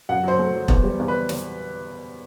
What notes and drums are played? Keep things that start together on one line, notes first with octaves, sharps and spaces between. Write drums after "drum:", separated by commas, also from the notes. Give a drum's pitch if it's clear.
F#2 F#5
F#3 C5
A3
F#3
E2, drum: kick E1
G3
E2
B4
drum: snare